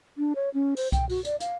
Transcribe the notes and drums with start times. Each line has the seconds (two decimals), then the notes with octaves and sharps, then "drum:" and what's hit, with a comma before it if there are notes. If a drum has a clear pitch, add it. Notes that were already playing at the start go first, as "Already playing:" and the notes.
0.18 D4
0.35 C#5
0.54 C#4
0.76 C5, drum: open hi-hat
0.92 G5, drum: kick C2, hi-hat
1.09 F#4, drum: open hi-hat
1.25 D5, drum: hi-hat
1.40 F5, drum: hi-hat